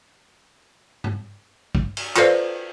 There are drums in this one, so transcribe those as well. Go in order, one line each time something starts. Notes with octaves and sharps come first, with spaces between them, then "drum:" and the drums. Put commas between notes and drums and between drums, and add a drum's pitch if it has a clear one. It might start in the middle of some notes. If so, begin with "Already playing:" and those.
drum: tom G#2
drum: kick
drum: cymbal
F4 A4 B4 C5 D5 F5, drum: clap